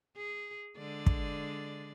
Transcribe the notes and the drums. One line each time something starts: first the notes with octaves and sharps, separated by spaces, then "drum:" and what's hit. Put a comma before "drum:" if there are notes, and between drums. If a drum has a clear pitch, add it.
G#4
D3 G#3 D5
drum: kick